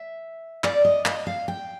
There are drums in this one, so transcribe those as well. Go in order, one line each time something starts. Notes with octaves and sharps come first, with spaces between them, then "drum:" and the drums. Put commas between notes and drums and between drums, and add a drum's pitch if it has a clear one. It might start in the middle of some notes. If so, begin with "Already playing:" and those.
Already playing: E5
D5, drum: clap
D#5
D#5, drum: clap
F5
G5